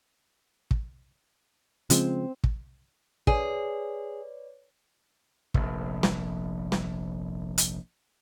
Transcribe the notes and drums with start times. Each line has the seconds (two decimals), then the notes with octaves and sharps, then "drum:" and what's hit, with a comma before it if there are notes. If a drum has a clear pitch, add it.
0.71 drum: kick
1.90 C#3 F3 G#3 C4, drum: hi-hat
2.44 drum: kick
3.27 G#4 B4 C#5 D5, drum: kick
5.54 F1 A#1, drum: kick
6.03 drum: snare
6.72 drum: snare
7.58 drum: hi-hat